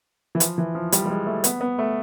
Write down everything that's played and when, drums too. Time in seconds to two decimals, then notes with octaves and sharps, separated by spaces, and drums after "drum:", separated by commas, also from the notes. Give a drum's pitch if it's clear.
0.35 E3
0.40 F3, drum: hi-hat
0.58 E3
0.75 F3
0.92 G3, drum: hi-hat
1.06 G3
1.10 G#3
1.27 A3
1.44 B3, drum: hi-hat
1.61 B3
1.79 A3